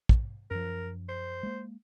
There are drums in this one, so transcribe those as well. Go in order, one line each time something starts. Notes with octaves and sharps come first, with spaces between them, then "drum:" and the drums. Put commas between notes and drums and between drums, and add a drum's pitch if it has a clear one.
drum: kick
F#2 F3 A#4
C5
G#3 A#3